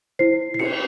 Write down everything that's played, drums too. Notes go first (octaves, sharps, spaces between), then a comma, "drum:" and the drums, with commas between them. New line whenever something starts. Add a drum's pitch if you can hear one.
E4 C5 C7
C7
C#7, drum: cymbal